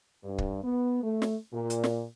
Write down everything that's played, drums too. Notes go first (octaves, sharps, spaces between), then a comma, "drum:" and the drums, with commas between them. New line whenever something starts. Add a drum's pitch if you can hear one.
G2
drum: kick
B3
A3
drum: snare
A#2
drum: hi-hat
drum: snare